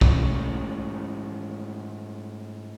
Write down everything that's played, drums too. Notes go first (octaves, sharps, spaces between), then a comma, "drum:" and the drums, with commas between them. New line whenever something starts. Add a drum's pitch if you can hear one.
G#2 A3 C#4, drum: kick